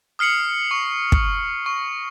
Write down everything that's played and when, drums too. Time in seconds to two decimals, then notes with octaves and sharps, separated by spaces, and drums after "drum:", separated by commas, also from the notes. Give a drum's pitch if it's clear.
0.19 D#6 F6 C7 C#7 F#7
0.71 C#6
1.12 drum: kick
1.66 C#6